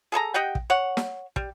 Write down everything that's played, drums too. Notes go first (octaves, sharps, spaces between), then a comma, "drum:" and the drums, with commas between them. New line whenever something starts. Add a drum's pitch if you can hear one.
G#4 A4 G#5 A#5
G4 D#5 F#5 G5
drum: kick
C#5 F#5
drum: snare
G3, drum: kick